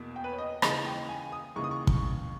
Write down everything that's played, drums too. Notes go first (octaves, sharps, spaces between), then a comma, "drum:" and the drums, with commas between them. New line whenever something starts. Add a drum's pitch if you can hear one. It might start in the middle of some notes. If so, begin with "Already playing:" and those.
Already playing: E2 B2 A#3
G5
B4
C#5
D#5
D#2 C#3 E3 G#3 D#5, drum: rim click
G5
G#5
D#6
D#2 C#3 E3 G#3 C#6
D#6
C#6
drum: kick